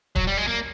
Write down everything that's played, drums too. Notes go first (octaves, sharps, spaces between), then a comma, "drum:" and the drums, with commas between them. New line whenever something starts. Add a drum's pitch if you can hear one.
F#3, drum: kick
G3
G#3
A#3